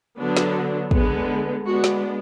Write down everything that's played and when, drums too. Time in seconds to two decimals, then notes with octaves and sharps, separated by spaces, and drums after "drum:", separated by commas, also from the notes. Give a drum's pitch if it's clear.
0.18 D3 F#3 B3 D4
0.37 drum: snare
0.91 D3 G#3 B3, drum: kick
1.66 G#3 B3 D4 F#4
1.84 drum: snare